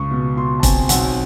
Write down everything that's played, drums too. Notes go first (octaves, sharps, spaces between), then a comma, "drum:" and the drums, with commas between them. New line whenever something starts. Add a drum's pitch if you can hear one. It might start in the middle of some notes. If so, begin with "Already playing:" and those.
Already playing: C#2 C#6
B2
B2 C6
A5
C4 G#5, drum: kick, hi-hat
B1 F#5, drum: hi-hat